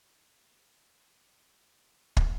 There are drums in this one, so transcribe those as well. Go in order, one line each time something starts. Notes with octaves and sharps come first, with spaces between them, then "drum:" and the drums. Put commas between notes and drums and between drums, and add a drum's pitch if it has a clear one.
A4 C#6
G#4 B4 C5
drum: kick